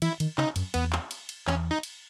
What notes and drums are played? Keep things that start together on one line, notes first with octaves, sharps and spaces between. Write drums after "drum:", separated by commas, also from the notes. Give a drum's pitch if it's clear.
E3 E4, drum: cymbal
D#3, drum: cymbal
C#3 D#4, drum: clap
F#2, drum: cymbal
E2 B3, drum: cymbal
drum: clap
drum: cymbal
drum: cymbal
E2 C#4, drum: clap
D#4
drum: cymbal